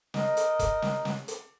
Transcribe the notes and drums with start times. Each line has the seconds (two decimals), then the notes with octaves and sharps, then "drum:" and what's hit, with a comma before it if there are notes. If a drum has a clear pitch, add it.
0.14 D#4 A#4 D#5, drum: snare
0.37 drum: hi-hat
0.60 drum: kick F1, hi-hat
0.82 drum: snare
1.05 drum: snare
1.28 drum: hi-hat